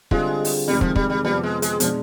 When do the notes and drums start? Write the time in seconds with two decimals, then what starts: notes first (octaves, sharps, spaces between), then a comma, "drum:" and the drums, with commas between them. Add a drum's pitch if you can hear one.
0.11 D3 G3 G#3 C4 F4 G#4, drum: kick
0.45 drum: open hi-hat
0.67 F2 C3 D#3 G3 G#3
0.81 F3, drum: kick
0.96 G3, drum: kick
1.10 G3
1.24 F2 C3 F3 G3 B3
1.43 G#3
1.62 G#3, drum: hi-hat
1.80 B2 F3 G#3 D4, drum: hi-hat